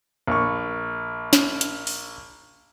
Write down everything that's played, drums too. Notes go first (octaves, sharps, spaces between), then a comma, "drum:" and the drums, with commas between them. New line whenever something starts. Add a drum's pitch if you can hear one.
A#1 C#6
drum: snare
drum: hi-hat
drum: open hi-hat